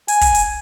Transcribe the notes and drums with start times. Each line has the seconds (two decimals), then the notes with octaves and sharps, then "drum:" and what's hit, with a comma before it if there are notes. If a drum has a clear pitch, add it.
0.08 G#5, drum: hi-hat
0.21 drum: kick, hi-hat
0.35 drum: hi-hat